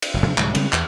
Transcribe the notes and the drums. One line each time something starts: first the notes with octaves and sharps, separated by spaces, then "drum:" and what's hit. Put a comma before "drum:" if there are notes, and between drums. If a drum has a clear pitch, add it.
drum: cymbal
F#1 F#2
E2 C#3 F#3 D4
C2 G#2 D3 F#3, drum: clap
C#3 G3 G#3 C4, drum: cymbal
E2, drum: clap